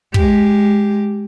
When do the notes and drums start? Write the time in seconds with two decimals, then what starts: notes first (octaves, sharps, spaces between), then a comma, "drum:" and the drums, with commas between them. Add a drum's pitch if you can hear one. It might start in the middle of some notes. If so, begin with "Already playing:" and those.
0.14 G#3 G4, drum: kick